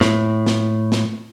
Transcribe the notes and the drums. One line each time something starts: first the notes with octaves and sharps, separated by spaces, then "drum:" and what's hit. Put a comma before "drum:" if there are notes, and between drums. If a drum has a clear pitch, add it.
A2, drum: snare
drum: snare
drum: snare